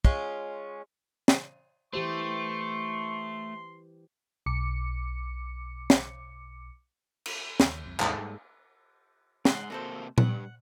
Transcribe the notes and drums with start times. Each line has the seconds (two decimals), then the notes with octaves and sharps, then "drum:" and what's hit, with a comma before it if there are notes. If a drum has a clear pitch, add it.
0.05 G#3 C#4 F4, drum: kick
1.28 drum: snare
1.93 E3 A3 G4 C5 C6 C#6
4.46 B1 D6 C#7
5.90 drum: snare
7.26 drum: cymbal
7.60 D#2, drum: snare
7.86 C2 F2
8.00 D#2 G#2 C3 G3 A#3 A4, drum: clap
8.19 G3
9.45 G#2 F#5 C6, drum: snare
9.70 C3 A#3 F#4 A4 C5
10.18 G2 F#5, drum: tom A#2